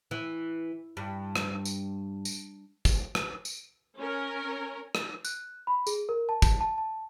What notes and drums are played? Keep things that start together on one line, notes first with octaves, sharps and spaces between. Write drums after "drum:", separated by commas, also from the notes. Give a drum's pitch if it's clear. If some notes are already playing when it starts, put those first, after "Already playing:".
E3
G2
drum: rim click
drum: tambourine
drum: tambourine
drum: kick, tambourine
drum: rim click
drum: tambourine
C#4 A#4
drum: rim click
F#6, drum: tambourine
B5
G#4, drum: tambourine
A#4
A5
A5, drum: kick, tambourine
A5
A5